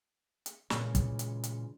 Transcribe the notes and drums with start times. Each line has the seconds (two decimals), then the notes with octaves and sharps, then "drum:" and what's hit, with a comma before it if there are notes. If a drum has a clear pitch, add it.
0.46 drum: hi-hat
0.70 A#2 C#3 E3 G#3 C#4, drum: snare
0.95 drum: kick, hi-hat
1.19 drum: hi-hat
1.44 drum: hi-hat